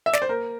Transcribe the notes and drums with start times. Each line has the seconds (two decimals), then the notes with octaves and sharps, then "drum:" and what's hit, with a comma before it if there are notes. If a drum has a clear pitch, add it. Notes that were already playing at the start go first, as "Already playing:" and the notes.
0.06 E5
0.13 D5, drum: snare
0.22 C5
0.29 A#3 A#4